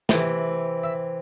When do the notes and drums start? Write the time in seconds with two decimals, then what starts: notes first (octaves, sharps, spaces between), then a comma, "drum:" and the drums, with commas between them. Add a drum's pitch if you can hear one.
0.09 C3 E3, drum: snare
0.84 E5